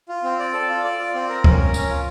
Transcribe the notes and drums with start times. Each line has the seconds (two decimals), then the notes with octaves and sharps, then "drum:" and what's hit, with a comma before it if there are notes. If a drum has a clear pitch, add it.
0.09 F4
0.24 C4
0.39 D5
0.54 A4
0.69 F4
0.84 D5
0.98 F4
1.14 C4
1.29 A#4
1.44 C#4, drum: kick C#2
1.59 A#4
1.74 C#4, drum: tambourine
1.89 F4